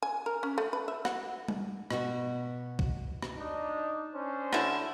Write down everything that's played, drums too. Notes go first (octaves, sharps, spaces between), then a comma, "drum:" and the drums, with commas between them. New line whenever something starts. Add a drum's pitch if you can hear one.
G#5
A#4
C#4
A3
B4
E5
F#5, drum: rim click
drum: tom G3
B2 F#4, drum: rim click
drum: kick
drum: rim click
D4 D#4
C#4 D4 C5
D3 E4, drum: rim click